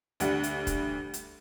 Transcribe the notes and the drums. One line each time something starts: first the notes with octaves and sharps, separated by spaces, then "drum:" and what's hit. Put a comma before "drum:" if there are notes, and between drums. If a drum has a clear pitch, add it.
D2 G3 F#5, drum: hi-hat
drum: hi-hat
drum: kick, hi-hat
drum: hi-hat